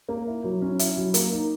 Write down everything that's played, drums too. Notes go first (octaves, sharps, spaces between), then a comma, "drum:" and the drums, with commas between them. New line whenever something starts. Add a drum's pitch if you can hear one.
A#3
E4
F#3
C#4
E4, drum: hi-hat
F#3
A#3, drum: hi-hat
D#4